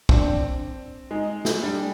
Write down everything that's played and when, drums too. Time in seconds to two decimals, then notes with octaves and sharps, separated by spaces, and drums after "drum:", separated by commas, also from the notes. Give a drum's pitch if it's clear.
0.09 C4 D4, drum: kick
1.11 G#3 D#4
1.45 drum: snare
1.62 G3 D4